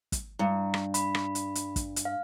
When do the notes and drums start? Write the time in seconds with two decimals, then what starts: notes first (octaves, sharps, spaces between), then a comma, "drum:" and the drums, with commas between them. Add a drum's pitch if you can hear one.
0.12 drum: kick, hi-hat
0.39 G2 A#5
0.74 drum: rim click
0.94 B5, drum: hi-hat
1.15 drum: rim click
1.35 drum: hi-hat
1.55 drum: hi-hat
1.76 drum: kick, hi-hat
1.96 drum: hi-hat
2.05 F5